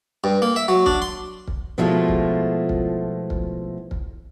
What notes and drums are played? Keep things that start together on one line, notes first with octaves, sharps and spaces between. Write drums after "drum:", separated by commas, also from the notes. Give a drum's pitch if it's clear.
G2
A#3
E5
F#3
D4, drum: kick
C6
drum: kick
B2 F3 G#3 A3 E4 F4
drum: kick
drum: kick
drum: kick
drum: kick